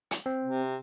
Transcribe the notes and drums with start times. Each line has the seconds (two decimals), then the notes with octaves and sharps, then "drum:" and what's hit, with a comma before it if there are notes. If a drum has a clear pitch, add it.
0.11 drum: hi-hat
0.26 C4
0.44 C3